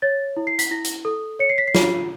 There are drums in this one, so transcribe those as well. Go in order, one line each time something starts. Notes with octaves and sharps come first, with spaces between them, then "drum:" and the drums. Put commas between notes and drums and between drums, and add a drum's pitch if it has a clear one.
C#5 A6
E4
C7
B6, drum: hi-hat
E4 A#6
drum: hi-hat
A4
C#5 C#7
C7
B6
C7
F4, drum: snare